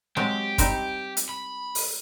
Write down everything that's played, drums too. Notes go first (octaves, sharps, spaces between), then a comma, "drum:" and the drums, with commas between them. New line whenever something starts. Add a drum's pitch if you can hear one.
F#3 G#3 C4 G4
G3 C4 D#4, drum: kick, hi-hat
drum: hi-hat
B5
drum: open hi-hat